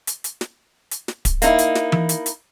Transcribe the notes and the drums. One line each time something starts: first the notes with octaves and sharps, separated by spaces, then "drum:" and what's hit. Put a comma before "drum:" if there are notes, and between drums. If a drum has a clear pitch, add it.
drum: hi-hat
drum: hi-hat
drum: snare
drum: hi-hat
drum: snare
drum: kick D1, hi-hat
A#3 D#4 E4, drum: hi-hat
drum: hi-hat
drum: snare
drum: tom E3
drum: hi-hat
drum: hi-hat